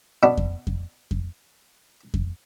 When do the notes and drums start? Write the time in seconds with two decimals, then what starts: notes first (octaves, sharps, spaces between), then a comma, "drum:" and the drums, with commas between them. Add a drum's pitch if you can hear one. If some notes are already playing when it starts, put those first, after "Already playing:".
0.23 B2 B3 D4
0.37 drum: kick F2
0.67 drum: kick F2
1.11 drum: kick F2
2.14 drum: kick F2